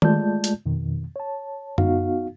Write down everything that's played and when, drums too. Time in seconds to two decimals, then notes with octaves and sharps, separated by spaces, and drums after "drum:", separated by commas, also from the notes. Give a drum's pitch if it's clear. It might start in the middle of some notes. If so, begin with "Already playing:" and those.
0.02 G#3 A3 F4 D5 A5 G6, drum: tom D#3
0.44 drum: hi-hat
0.66 F2 B2 D#3
1.16 C#5 A5
1.78 B3 D#4 F#4 F5, drum: tom F#2